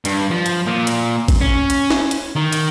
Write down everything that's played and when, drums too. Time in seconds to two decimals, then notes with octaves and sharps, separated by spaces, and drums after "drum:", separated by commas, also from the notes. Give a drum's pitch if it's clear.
0.05 G2, drum: hi-hat
0.31 F3
0.46 drum: hi-hat
0.66 A#2
0.87 drum: hi-hat
1.28 drum: kick G#1, hi-hat
1.41 C#4
1.70 drum: hi-hat
1.90 drum: snare
2.11 drum: hi-hat
2.36 D#3
2.53 drum: hi-hat